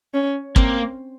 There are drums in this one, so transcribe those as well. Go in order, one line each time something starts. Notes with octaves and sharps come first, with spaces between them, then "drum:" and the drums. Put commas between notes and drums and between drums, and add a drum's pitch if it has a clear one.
C#4
A#3 C4, drum: kick